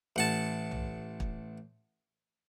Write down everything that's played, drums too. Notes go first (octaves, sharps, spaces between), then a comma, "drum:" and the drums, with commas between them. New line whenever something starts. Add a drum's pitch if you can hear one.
A1 F#5 A5
drum: tom B1
drum: kick